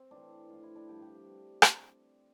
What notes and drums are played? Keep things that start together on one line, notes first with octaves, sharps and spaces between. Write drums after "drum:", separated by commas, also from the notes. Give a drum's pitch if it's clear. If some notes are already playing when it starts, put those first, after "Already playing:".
Already playing: C4
A2 E3 D4
A2 F3 F4
E4
D4
G2 D3 F3 G4
G4
drum: rim click